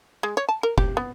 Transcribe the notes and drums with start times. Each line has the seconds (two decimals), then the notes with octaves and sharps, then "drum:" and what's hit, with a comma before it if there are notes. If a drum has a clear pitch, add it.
0.23 G#3
0.37 C#5
0.49 A5
0.63 A#4
0.78 G4, drum: kick F1
0.97 B3